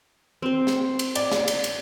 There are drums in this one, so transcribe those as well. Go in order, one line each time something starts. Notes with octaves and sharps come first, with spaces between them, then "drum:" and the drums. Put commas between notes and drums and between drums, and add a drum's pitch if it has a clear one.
C4 C5
drum: snare
drum: cymbal
D5, drum: cymbal
drum: snare
drum: cymbal
drum: cymbal